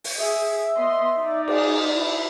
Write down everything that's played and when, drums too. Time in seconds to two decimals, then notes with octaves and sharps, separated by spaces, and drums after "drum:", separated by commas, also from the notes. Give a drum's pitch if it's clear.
0.04 drum: open hi-hat
0.18 G#4 E5
0.76 B3 D#5 C6
1.17 D#4 D5
1.48 G#4, drum: cymbal
1.94 E4